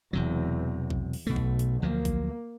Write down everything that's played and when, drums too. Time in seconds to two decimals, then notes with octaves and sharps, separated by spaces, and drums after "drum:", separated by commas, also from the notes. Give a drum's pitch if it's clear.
0.13 E1 E2 C3 F#3
0.90 drum: kick A#1
1.13 drum: open hi-hat
1.27 B1 B2 A3
1.36 drum: kick A#1
1.59 drum: hi-hat
1.82 D2 F3 F#3 A#3
2.05 drum: kick A#1, hi-hat